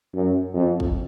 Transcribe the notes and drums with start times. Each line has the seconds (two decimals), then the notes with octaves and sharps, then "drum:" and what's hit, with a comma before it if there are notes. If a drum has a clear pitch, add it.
0.15 F#2
0.54 F2
0.80 drum: kick